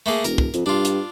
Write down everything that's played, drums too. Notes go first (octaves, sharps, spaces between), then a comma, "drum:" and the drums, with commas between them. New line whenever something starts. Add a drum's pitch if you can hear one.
A3 A#3 G#4
E1 A#4, drum: hi-hat
drum: kick
F2, drum: hi-hat
G2 D4 F4
drum: hi-hat